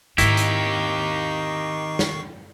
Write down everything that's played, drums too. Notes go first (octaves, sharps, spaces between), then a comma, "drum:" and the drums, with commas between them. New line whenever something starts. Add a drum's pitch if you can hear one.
G#2 D#3 C4 D#4 E4 G4 C#6 C7, drum: hi-hat
drum: hi-hat
drum: snare